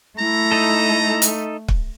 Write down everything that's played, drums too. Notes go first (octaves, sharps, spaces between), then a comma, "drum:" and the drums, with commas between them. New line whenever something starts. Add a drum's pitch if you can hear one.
A3 E4 A#5
D#4 A4
drum: hi-hat
drum: kick